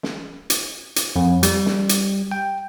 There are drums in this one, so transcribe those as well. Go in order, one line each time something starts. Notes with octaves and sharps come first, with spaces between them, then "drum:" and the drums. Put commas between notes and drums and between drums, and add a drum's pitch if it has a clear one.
drum: snare
drum: hi-hat
drum: hi-hat
F2
G3, drum: hi-hat
drum: snare
drum: hi-hat
G5